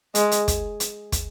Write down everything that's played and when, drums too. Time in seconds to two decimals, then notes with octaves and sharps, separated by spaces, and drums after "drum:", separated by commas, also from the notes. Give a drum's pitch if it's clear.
0.15 G#3, drum: hi-hat
0.32 drum: hi-hat
0.48 drum: kick, hi-hat
0.80 drum: hi-hat
1.12 drum: kick, hi-hat